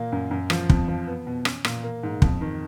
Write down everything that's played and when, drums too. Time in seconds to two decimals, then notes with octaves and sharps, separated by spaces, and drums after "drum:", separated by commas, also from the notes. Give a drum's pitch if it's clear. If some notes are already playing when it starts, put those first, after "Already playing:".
Already playing: A#2 A#3
0.12 F#2
0.31 F#2
0.50 F3, drum: rim click
0.70 F2, drum: kick
0.88 F3
1.07 B3
1.27 B2
1.45 C#4, drum: rim click
1.65 A#2, drum: rim click
1.84 A#3
2.03 G#2
2.22 F2, drum: kick
2.41 D#3